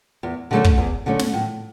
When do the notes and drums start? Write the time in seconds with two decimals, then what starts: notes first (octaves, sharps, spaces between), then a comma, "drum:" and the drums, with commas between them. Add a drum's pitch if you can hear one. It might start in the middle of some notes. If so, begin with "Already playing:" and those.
0.23 E2
0.51 D3 F#3 A3 C#4
0.64 drum: kick
0.78 E2
1.06 D3 F#3 A3 C#4
1.19 drum: snare
1.34 A2